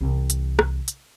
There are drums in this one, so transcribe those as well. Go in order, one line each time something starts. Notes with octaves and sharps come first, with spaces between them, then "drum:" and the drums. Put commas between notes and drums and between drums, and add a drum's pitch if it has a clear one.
C2 E3
drum: hi-hat
drum: rim click
drum: hi-hat